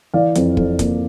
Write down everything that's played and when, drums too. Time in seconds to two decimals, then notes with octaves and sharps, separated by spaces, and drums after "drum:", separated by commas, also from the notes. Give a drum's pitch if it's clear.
0.14 E3 D5 F5
0.35 F2, drum: hi-hat
0.57 F2, drum: kick
0.79 A#3, drum: kick, hi-hat